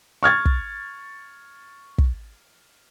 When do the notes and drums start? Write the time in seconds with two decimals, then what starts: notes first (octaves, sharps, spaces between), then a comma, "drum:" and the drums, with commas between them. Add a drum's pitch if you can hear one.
0.23 C#6 F6 G#6 A6
0.45 drum: kick
1.98 drum: kick